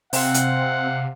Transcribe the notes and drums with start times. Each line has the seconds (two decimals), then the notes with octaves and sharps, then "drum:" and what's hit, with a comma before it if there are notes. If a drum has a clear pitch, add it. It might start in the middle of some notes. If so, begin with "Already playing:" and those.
0.13 C3 C4 F5 F#5, drum: open hi-hat
0.34 drum: hi-hat